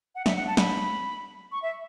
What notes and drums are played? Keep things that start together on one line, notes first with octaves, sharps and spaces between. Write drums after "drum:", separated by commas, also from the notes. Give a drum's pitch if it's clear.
F#5
E5, drum: snare
F#5
A5
B5, drum: snare
C#6
E5